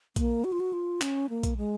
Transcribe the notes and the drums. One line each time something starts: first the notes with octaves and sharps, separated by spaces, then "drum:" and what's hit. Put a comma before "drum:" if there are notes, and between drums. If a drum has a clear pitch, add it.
A#3, drum: kick A#1, hi-hat
F#4
F4
F#4
F4
C#4, drum: clap
A#3
drum: kick A#1, hi-hat
G#3